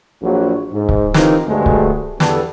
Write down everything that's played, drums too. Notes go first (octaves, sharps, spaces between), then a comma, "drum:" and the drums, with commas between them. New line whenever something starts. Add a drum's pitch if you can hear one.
A#1 F#3
G#2
drum: kick C#1
E3 C4 D#4 F4 G4 A#4, drum: snare
D2 G2 G#3 A3 F#4 G#4
drum: kick C#1
E2 G2 G3 B3 A4, drum: snare